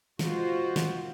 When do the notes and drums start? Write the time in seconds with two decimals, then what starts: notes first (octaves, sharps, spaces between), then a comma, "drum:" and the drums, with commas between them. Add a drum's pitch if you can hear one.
0.19 G#3 F4 F#4 C5, drum: snare
0.76 drum: snare